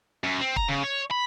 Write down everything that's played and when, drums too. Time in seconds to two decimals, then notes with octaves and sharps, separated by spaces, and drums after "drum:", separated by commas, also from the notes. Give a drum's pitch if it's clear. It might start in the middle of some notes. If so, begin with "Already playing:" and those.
0.24 F#2
0.40 C4
0.56 A#5, drum: kick
0.68 C#3
0.83 C#5
1.11 B5